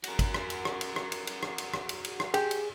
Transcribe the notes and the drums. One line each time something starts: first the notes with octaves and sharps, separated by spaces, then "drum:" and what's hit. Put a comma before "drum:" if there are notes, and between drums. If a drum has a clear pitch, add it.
F#4 A#4, drum: cymbal
drum: kick, cymbal
drum: rim click
drum: cymbal
drum: rim click
drum: cymbal
drum: rim click
drum: cymbal
drum: cymbal
drum: rim click
drum: cymbal
drum: rim click
drum: cymbal
drum: cymbal
drum: rim click
G4 G#4, drum: cymbal
drum: cymbal